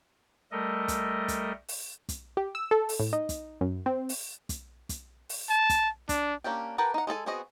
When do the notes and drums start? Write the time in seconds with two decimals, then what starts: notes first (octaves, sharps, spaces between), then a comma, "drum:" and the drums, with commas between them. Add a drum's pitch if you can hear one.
0.52 G3 A3 A4 A#4 D#5
0.88 drum: kick, hi-hat
1.28 drum: kick, hi-hat
1.68 drum: open hi-hat
2.09 drum: kick, hi-hat
2.37 G4
2.55 E6
2.71 A4
2.89 drum: open hi-hat
3.00 A2
3.13 D#4
3.29 drum: kick, hi-hat
3.61 F#2
3.86 C4
4.09 drum: open hi-hat
4.49 drum: kick, hi-hat
4.89 drum: kick, hi-hat
5.29 drum: open hi-hat
5.49 A5
5.69 drum: kick, hi-hat
6.09 D4, drum: kick, hi-hat
6.44 A#3 C#4 D4 G4
6.78 G4 A#4 B4 F#5 A5
6.94 D#4 F#5
7.07 G#3 G#4 A4 G#5
7.26 B3 C4 F#4 G#4 D#5